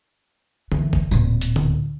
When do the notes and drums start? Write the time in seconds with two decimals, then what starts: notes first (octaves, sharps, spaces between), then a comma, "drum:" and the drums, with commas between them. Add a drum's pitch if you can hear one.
0.72 E3, drum: tom D3
0.93 drum: kick
1.11 D1 A#2, drum: tambourine
1.41 drum: hi-hat
1.56 drum: tom D3